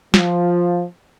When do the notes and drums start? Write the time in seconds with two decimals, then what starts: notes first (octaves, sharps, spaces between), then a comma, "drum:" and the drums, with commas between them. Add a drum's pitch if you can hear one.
0.14 F3, drum: snare